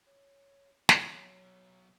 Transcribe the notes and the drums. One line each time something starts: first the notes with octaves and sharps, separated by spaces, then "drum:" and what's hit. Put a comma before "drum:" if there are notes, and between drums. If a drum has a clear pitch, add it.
C#5
B2 F#3 C#5, drum: snare